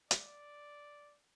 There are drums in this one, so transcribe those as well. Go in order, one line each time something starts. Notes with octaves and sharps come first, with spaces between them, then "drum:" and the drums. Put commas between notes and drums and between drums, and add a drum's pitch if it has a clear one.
D5, drum: hi-hat